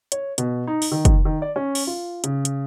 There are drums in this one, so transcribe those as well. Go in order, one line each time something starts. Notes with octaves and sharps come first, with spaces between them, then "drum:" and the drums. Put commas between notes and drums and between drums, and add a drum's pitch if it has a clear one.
C#5, drum: hi-hat
B2, drum: hi-hat
D#4
drum: open hi-hat
D#3
drum: kick, hi-hat
D#3
D5
C#4
drum: open hi-hat
F4
C#3, drum: hi-hat
drum: hi-hat